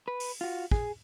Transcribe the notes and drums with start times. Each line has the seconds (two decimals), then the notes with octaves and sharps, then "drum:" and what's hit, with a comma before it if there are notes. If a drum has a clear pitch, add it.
0.08 B4
0.20 drum: open hi-hat
0.41 F4 F#4
0.71 G#4, drum: kick